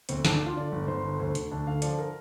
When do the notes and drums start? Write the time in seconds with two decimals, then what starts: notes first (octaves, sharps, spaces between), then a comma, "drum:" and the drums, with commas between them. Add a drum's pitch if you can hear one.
0.09 D2 C4, drum: hi-hat
0.25 D3 D4, drum: snare
0.36 D3 D4
0.46 F4
0.57 D3 D5
0.72 G1
0.88 G1 C5
1.04 D3
1.20 D2 C5
1.35 D2, drum: hi-hat
1.51 D2 D4
1.67 D3 F5
1.82 F3 D5, drum: hi-hat
1.98 A#4